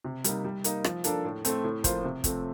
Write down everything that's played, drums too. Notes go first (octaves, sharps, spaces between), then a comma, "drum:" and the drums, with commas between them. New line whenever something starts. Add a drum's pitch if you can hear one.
C3
G3 A#3 D#4, drum: hi-hat
G3
A#3 D#4, drum: hi-hat
F3, drum: rim click
A#3 D4 A4, drum: hi-hat
A2
A3 C4, drum: hi-hat
A2
F3 A#3 F4 C5, drum: kick, hi-hat
C3
F3 A3 C4, drum: kick, hi-hat